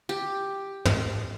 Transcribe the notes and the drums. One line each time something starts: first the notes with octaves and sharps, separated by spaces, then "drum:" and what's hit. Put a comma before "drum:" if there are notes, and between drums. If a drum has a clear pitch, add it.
G4
drum: tom